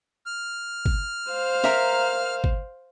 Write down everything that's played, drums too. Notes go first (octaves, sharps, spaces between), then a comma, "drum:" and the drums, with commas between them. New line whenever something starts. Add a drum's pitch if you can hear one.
F6
drum: kick
C5 F5
A#4 E5 A#5, drum: snare
drum: kick